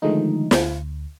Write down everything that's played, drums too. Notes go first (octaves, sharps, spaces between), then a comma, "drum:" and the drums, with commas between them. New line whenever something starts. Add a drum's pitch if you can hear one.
D3 D#3 F3 G#3 A3 D#4
D2, drum: snare